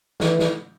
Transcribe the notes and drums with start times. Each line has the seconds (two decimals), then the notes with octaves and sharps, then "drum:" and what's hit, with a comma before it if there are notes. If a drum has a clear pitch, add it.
0.20 E3, drum: snare
0.39 drum: snare